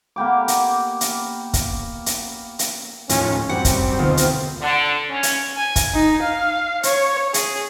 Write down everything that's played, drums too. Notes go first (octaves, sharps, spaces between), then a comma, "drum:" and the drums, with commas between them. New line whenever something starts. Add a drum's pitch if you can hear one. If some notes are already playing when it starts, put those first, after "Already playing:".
A#3 B3 G4 D6
drum: hi-hat
drum: hi-hat
drum: kick, hi-hat
drum: hi-hat
drum: hi-hat
D#2 A2 F3 C#4, drum: hi-hat
F#2 G3 C4 F#5
drum: kick, hi-hat
D2 B2 D#3 F4
drum: hi-hat
D3
C#4
drum: hi-hat
G#5
drum: kick, hi-hat
D#4
F5
C#5, drum: hi-hat
G#4, drum: hi-hat